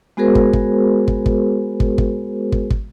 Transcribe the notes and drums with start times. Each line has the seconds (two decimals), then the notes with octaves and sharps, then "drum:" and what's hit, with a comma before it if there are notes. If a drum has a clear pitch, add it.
0.17 G#3 B3 F#4 G#4 A#4 C5
0.35 drum: kick
0.53 drum: kick
1.08 drum: kick
1.26 drum: kick
1.80 drum: kick
1.98 drum: kick
2.52 drum: kick
2.70 drum: kick